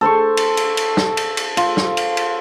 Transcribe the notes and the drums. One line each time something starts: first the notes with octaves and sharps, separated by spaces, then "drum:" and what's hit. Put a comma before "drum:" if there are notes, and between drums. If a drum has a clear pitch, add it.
A4 C5 C6 C#6
drum: cymbal
drum: cymbal
drum: cymbal
drum: snare
drum: cymbal
drum: cymbal
F4, drum: cymbal
drum: snare
drum: cymbal
drum: cymbal